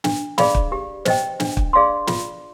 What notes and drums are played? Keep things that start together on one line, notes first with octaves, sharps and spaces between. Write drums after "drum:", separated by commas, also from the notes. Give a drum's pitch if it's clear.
D4, drum: snare
G#4 D5 F5 B5, drum: snare
drum: kick
G4
C5 D#5 G5, drum: snare
D4, drum: snare
drum: kick
G#4 D5 F5 C6
F4, drum: snare